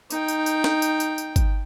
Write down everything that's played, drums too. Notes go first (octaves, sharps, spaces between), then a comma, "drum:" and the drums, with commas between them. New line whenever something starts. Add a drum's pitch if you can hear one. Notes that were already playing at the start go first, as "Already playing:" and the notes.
D#4 G5, drum: tambourine
drum: tambourine
drum: tambourine
drum: snare
drum: tambourine
drum: tambourine
drum: tambourine
drum: kick G1, tambourine